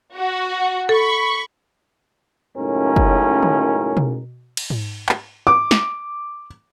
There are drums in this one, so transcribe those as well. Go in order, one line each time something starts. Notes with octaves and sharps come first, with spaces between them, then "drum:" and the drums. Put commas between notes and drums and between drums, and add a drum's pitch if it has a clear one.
F#4 F#5
A4 B5 C#6
C#2 F#2 A2 C#4 D#4 A#4
drum: kick
drum: tom D3
drum: tom B2
drum: cymbal
drum: tom G#2
drum: clap
D6
drum: snare